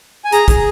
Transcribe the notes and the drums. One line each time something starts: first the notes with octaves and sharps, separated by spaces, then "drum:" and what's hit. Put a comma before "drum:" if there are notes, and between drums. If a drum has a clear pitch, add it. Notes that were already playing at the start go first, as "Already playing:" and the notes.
G#5
G#4 A#5, drum: hi-hat
G#4, drum: kick, hi-hat